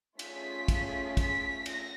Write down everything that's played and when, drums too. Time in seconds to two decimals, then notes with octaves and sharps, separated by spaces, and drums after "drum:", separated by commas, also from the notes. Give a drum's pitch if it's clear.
0.19 A3 C#4 F4 G#4 B6, drum: cymbal
0.68 drum: kick, cymbal
1.17 B6, drum: kick, cymbal
1.66 A#6, drum: cymbal